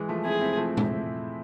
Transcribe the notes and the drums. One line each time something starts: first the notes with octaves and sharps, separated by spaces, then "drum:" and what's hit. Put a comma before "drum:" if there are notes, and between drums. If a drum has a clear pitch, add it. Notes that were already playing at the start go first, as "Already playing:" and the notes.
Already playing: E3 G#3
F3 A3
C4 E4 G#4
C4 E4
F3 A3
drum: tom A#2